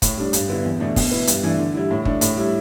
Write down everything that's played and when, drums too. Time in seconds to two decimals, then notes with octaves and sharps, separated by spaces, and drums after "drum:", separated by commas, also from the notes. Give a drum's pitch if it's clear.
0.02 A2, drum: kick, hi-hat
0.17 G3 D4
0.33 G2, drum: hi-hat
0.48 D3 B3 E4
0.64 E2
0.80 B2 A3 D4
0.96 B2, drum: kick, open hi-hat
1.11 B3 E4
1.27 G2, drum: hi-hat
1.43 E3 A3 D4
1.59 D3
1.74 G3 E4
1.91 A2
2.05 A3 D4, drum: kick
2.21 A2, drum: hi-hat
2.37 G3 E4